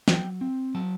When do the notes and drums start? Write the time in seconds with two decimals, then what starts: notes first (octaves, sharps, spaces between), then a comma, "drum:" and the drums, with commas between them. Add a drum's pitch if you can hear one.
0.08 F#3 G5, drum: snare
0.41 C4
0.75 F#3 A5